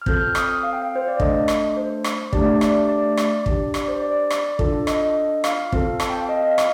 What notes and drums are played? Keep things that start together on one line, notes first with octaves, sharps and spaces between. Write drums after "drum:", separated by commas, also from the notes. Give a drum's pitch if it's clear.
F6
C4 F4 A4 G6, drum: kick
F6
D#6, drum: rim click
F5
G5
F5
C5
D5
A3 D4 A4 D#5, drum: kick
drum: rim click
C5
drum: rim click
A3 D4 G4 D5, drum: kick
D5, drum: rim click
D5
drum: rim click
D4 G4, drum: kick
D5, drum: rim click
C5
D5
drum: rim click
D4 F4 A4, drum: kick
D#5, drum: rim click
F5, drum: rim click
C4 F4 A4, drum: kick
A5, drum: rim click
G5
F5
D#5
F5
D#5
F5
D#5, drum: rim click